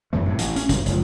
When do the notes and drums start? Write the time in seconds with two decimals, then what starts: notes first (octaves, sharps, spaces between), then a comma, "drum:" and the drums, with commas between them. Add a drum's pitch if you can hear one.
0.13 F#2 E3 A3
0.26 G#1 A2 C3
0.39 A1, drum: hi-hat
0.56 C#4, drum: hi-hat
0.69 G1, drum: kick, hi-hat
0.86 F#1 C#2 F3, drum: hi-hat